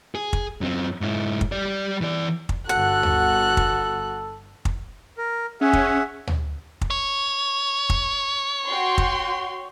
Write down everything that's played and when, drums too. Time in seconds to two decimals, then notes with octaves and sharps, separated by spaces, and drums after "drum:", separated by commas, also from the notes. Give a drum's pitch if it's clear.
0.15 G#4
0.33 drum: kick
0.61 F#2 C4
1.01 G#2 E4
1.41 drum: kick
1.52 G3 D5
2.01 E3 D5
2.49 drum: kick
2.69 G1 F#4 A4 F#5 F#6
3.03 drum: tom
3.57 drum: kick
4.65 drum: kick
5.18 A#4
5.61 C#4 G#4 E5 F#5
5.73 drum: kick
6.27 drum: tom
6.81 drum: kick
6.90 C#5
7.90 drum: kick
8.68 F#4 G5 C6
8.98 drum: kick